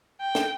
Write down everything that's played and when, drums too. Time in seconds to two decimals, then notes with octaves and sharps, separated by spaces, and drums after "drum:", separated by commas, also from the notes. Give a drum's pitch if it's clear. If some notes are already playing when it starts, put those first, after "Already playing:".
0.21 G5
0.35 drum: snare